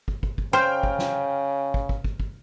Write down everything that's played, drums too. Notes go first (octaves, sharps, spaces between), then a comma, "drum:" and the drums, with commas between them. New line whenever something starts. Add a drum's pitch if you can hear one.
drum: kick
drum: kick
drum: kick
C#3 C5 G5 F6
drum: kick
drum: snare
drum: kick
drum: kick
drum: kick
drum: kick